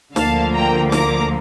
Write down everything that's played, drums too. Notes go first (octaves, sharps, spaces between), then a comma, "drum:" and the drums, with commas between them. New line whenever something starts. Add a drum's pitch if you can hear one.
D2 D3 F3 A#3 F5 A5, drum: snare
G5 A#5
A#5 D6, drum: snare